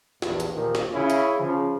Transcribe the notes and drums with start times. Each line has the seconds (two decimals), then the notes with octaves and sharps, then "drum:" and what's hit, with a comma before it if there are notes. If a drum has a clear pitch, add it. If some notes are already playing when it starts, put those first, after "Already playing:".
0.22 A#1 E2 G2, drum: snare
0.40 drum: hi-hat
0.54 D#2 A#2 D#3 F3
0.75 drum: snare
0.93 C#3 C#4 E4
1.10 drum: hi-hat
1.39 C#3 F3